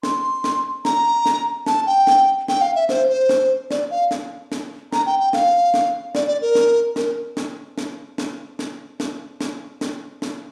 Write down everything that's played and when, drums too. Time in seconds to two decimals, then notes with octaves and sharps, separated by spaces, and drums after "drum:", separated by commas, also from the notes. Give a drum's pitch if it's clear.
0.03 C6, drum: snare
0.44 drum: snare
0.85 A#5, drum: snare
1.26 drum: snare
1.66 A5, drum: snare
1.87 G5
2.07 drum: snare
2.48 G5, drum: snare
2.61 F5
2.75 E5
2.89 C5, drum: snare
3.09 C5
3.29 drum: snare
3.71 D5, drum: snare
3.91 F5
4.11 drum: snare
4.52 drum: snare
4.92 A#5, drum: snare
5.06 G5
5.20 G5
5.33 F5, drum: snare
5.74 drum: snare
6.15 D5, drum: snare
6.28 D5
6.42 A#4
6.55 drum: snare
6.96 A#4, drum: snare
7.37 drum: snare
7.78 drum: snare
8.18 drum: snare
8.59 drum: snare
9.00 drum: snare
9.41 drum: snare
9.81 drum: snare
10.22 drum: snare